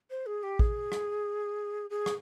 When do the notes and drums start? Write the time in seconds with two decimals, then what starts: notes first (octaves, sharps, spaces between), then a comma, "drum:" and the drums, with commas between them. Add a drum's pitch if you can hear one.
0.10 C5
0.26 G#4
0.43 G4
0.59 G#4, drum: kick A1
0.92 drum: rim click
1.90 G#4
2.06 drum: rim click